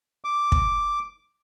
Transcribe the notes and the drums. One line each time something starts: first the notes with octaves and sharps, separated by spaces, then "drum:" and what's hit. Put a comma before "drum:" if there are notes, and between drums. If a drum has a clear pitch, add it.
D6
drum: kick